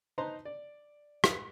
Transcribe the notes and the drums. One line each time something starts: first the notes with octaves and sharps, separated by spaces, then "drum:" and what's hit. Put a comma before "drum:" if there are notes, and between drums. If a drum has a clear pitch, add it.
D#4 B4 C5 A5 A#5 C6
D5
drum: rim click